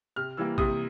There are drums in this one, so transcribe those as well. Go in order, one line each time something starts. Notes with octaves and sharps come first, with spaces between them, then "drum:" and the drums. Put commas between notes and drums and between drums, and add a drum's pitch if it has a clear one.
C3 F6
E3 G3 A#3 E6
C3 D#6, drum: kick